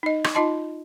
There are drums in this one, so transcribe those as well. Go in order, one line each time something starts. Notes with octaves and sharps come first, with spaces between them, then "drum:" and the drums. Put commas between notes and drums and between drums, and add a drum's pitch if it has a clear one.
D#4 D#5
drum: rim click
D#4 F4 D#5 A5 C6